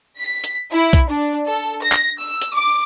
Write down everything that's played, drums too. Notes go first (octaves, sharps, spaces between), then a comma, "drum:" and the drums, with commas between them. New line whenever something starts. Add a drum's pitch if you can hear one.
B6
drum: hi-hat
E4
drum: kick B1, hi-hat
D4
A4
A#6
drum: clap
E6
drum: hi-hat
D6